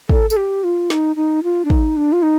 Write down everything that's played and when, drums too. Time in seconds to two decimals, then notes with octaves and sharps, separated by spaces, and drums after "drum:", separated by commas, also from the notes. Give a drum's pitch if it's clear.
0.09 A4, drum: kick
0.30 A4, drum: tambourine
0.37 G4
0.64 F4
0.90 D#4, drum: snare
1.16 D#4
1.43 F4
1.65 D4
1.70 D#4, drum: kick
1.97 D4
2.12 F4
2.22 D#4